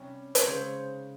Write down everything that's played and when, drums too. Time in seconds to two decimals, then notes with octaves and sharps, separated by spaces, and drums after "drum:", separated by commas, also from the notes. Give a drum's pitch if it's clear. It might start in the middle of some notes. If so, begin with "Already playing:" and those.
Already playing: C3 G3 C#4 G4
0.35 C#5, drum: hi-hat
0.47 C#3 G#3 C#4 C5